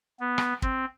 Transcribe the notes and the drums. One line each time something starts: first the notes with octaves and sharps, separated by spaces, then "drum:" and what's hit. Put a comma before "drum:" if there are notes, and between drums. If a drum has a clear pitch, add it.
B3
drum: rim click
C4, drum: kick